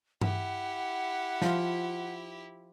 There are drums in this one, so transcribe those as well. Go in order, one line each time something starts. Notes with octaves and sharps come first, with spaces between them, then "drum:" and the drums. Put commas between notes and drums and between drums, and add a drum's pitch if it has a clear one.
E4 G4 F#5, drum: tom G2
F3 F4, drum: snare